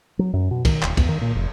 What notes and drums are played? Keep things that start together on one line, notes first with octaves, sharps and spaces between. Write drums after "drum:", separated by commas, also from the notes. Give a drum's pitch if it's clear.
F#3
F#2
B2
D#3, drum: kick, cymbal
D1, drum: clap
E2, drum: kick, cymbal
D#3
A#2
F1